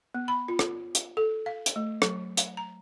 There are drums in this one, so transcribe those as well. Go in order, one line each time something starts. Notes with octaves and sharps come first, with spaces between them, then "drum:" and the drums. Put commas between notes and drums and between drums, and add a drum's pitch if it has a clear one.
B3
B5
F4
drum: rim click
drum: hi-hat
A4
F5
drum: hi-hat
A3
F#3, drum: rim click
drum: hi-hat
A#5